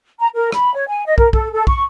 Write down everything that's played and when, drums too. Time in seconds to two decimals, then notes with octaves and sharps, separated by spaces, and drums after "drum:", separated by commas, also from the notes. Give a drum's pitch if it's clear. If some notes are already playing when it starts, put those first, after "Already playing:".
0.20 A#5
0.35 A#4
0.52 B5, drum: rim click
0.74 C#5
0.88 G#5
1.06 D#5
1.18 A#4, drum: kick
1.33 A4, drum: kick
1.52 A4
1.67 C#6, drum: kick